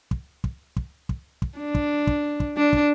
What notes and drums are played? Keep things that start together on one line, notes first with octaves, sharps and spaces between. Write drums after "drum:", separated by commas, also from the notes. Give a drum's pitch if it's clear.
drum: kick
drum: kick
drum: kick
drum: kick
drum: kick
D4
drum: kick
drum: kick
drum: kick
D4
drum: kick